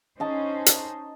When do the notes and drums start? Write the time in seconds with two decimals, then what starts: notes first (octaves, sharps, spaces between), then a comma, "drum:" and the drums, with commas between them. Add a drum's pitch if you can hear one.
0.20 C#4 D#4 C5 D#5 A5
0.66 drum: hi-hat